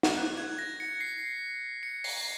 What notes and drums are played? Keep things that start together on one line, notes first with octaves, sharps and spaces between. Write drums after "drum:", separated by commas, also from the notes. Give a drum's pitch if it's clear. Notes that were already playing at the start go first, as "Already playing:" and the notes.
drum: snare
F#6
G#6
A#6
C#7
C7
C#7
C7, drum: open hi-hat